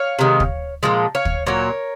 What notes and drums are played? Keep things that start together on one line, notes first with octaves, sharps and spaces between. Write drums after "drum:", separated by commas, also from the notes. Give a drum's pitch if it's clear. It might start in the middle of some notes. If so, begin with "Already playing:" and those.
Already playing: C#5 F5
C3 D#3 G#3
drum: kick
A#2 F3 G#3
C#5 F5
drum: kick
A#2 F#3 A#4 C#5